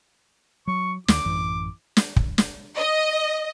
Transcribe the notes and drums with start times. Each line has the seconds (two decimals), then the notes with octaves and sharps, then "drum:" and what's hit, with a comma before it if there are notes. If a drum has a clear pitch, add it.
0.68 F#3 C#6
1.08 D#2 D6, drum: snare
1.25 A1 F#2 E3
1.97 drum: snare
2.16 drum: kick
2.38 drum: snare
2.76 D#5